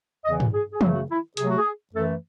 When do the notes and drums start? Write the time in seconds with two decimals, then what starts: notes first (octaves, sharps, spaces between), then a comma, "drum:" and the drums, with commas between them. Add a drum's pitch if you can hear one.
0.25 E2 C#3 E3 D#5
0.40 drum: tom
0.53 G#4
0.73 G#4
0.81 F#2 C#3 F#3 A3 F#4, drum: tom
0.95 F#4
1.09 E4
1.37 C3 F#3 A3 G#4, drum: hi-hat
1.47 F#4
1.57 G#4
1.93 F#2 E3 A3 A4